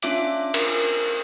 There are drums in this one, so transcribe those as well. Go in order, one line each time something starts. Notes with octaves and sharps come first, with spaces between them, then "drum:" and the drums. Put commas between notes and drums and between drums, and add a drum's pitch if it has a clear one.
C#4 D4 F4 E5 D6 D7, drum: hi-hat
A#4, drum: cymbal